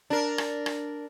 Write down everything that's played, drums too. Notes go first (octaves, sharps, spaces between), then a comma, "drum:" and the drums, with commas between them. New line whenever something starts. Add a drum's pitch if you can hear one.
D4 A#4
drum: rim click
drum: rim click